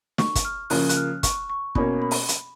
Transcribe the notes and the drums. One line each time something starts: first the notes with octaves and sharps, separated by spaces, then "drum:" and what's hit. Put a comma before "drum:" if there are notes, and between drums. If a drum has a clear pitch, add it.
C#6, drum: snare
drum: kick, hi-hat
F6
C#3 F3 A#3 C#4 F#6, drum: open hi-hat
F#6, drum: hi-hat
F6
C#6, drum: kick, hi-hat
C#6
B2 A#3 C#4 B5, drum: kick
B5
drum: open hi-hat
drum: hi-hat